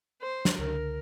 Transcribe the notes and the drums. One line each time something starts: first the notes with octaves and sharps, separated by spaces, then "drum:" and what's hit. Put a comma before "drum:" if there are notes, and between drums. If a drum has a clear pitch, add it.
C5
drum: snare
C#2 D3 A#4